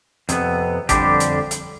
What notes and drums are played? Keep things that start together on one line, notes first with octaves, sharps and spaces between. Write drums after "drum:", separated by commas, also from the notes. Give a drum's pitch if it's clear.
F2 C3 B3, drum: hi-hat
F2 D3 G3 D4 G4, drum: kick, hi-hat
drum: hi-hat
drum: hi-hat